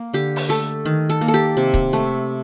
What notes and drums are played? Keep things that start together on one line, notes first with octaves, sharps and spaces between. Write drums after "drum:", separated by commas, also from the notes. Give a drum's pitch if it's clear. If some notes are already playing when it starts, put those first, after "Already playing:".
Already playing: A#3
D3 G4
drum: open hi-hat
A3 A4
D#3
A4
A#3
A4
G4
C3
drum: kick C#1
A3